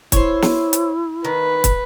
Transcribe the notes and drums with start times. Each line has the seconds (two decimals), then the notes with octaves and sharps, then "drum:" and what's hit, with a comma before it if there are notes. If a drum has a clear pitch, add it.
0.12 E4 C5 C#5, drum: kick, hi-hat
0.42 drum: snare
0.73 drum: hi-hat
1.25 D#3 B4
1.64 drum: kick, hi-hat